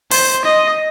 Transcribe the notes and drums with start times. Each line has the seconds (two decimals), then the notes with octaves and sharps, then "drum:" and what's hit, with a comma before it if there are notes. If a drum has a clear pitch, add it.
0.11 C5, drum: open hi-hat
0.45 D#5